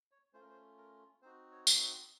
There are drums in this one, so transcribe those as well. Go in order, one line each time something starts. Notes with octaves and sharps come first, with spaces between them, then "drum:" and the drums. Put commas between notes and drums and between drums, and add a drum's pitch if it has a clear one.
C#5
A3 C#4 F4 C5
A#4
C5
A#4
C4 D#4 F#4 C5
C#5
drum: tambourine
F#5